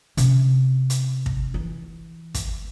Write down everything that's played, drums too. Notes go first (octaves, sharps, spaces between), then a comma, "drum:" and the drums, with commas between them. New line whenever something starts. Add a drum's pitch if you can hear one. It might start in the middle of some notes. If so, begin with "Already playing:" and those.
C3 C#4, drum: hi-hat
drum: hi-hat
drum: kick
E3
drum: kick, hi-hat